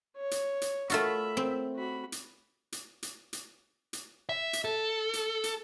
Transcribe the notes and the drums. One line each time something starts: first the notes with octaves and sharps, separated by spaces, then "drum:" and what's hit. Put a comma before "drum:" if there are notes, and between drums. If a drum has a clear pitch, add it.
C#5
drum: hi-hat
drum: hi-hat
A3 F4 F#4 E5 B5, drum: hi-hat
C4
F#4 B5
drum: hi-hat
drum: hi-hat
drum: hi-hat
drum: hi-hat
drum: hi-hat
E5
drum: hi-hat
A4
drum: hi-hat
drum: hi-hat